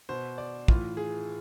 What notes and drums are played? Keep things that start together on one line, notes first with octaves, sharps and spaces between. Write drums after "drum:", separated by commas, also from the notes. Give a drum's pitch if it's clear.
B2 C5
D5
A2 E3 F4, drum: kick
G#4